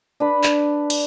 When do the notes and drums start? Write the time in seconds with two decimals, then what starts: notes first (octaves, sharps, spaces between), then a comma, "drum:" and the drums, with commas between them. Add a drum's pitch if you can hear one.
0.20 D4 B4 B5
0.43 drum: clap
0.90 drum: cymbal